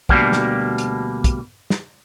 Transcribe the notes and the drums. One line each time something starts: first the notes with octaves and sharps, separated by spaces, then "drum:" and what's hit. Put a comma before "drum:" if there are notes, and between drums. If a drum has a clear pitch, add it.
D2 B2 D#3 G3 A#3, drum: kick
drum: snare
drum: hi-hat
drum: kick, hi-hat
drum: snare